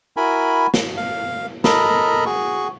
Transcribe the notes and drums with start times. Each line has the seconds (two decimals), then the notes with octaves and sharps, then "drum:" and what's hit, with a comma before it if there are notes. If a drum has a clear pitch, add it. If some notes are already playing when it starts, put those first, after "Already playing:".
0.17 E4 F#4 A#4 G#5 B5
0.74 drum: snare
0.97 F5
1.64 A4 A#4 D#5 A#5 B5, drum: snare
2.26 F#4 G#4 C#6